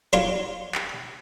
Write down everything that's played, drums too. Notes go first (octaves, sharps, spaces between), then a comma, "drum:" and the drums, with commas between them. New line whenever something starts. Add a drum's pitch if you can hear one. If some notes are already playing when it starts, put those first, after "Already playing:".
F#3 G3 D4 F4, drum: hi-hat
drum: clap